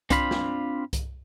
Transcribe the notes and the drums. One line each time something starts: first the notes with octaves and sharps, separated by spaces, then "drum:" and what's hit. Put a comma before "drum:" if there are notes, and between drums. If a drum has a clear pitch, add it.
C4 D4 F4 C5 F5 B5, drum: kick C2, hi-hat
drum: snare
drum: kick C2, hi-hat